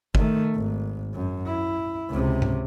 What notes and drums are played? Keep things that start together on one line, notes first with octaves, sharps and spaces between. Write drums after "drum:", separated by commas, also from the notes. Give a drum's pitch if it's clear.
D#3 A3, drum: kick G1
G#1
F#2
E4
C#2 C3
drum: tom G#2